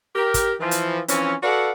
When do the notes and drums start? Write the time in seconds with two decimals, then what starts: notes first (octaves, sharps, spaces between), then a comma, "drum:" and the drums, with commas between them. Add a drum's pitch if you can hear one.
0.16 G4 A#4
0.34 drum: kick, hi-hat
0.60 E3 F3
0.71 drum: hi-hat
1.08 E3 F3 C4 C#4, drum: hi-hat
1.42 F#4 A4 B4 D5 F5 F#5